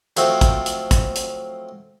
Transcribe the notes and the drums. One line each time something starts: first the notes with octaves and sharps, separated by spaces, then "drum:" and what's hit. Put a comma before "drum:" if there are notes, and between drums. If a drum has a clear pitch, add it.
F3 F#3 A3 C4, drum: hi-hat
drum: kick, hi-hat
drum: hi-hat
drum: kick, hi-hat
drum: hi-hat